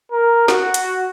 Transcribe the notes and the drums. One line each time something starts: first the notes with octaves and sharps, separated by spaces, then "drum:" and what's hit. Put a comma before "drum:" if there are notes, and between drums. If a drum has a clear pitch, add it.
A#4
F#4, drum: snare
drum: hi-hat